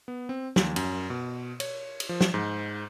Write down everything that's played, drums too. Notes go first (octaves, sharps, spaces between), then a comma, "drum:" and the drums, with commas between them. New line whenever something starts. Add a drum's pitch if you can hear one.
B3
C4
D#2, drum: snare
F#2, drum: cymbal
B2
C#5, drum: cymbal
drum: cymbal
F3
drum: snare
G#2